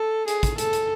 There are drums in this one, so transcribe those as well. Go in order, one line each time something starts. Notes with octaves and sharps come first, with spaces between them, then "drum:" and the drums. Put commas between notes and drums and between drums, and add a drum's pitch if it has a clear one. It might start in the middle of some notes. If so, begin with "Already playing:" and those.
Already playing: A4
G#4, drum: hi-hat
drum: kick, hi-hat
A4, drum: hi-hat
drum: hi-hat